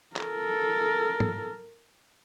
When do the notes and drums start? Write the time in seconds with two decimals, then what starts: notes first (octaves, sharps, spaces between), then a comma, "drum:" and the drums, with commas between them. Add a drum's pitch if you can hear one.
0.16 A4 A#4, drum: clap
1.20 drum: tom